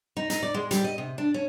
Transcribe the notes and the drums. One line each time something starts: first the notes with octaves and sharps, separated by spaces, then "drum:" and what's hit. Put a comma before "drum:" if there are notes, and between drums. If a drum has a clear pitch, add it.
D#4
D#4, drum: hi-hat
D5
G#3
G3, drum: hi-hat
D#5
C3
D4
C#4